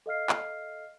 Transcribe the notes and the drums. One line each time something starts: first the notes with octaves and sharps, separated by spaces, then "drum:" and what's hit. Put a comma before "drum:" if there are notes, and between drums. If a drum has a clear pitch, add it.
A4 D#5 F5 F6 C7
drum: clap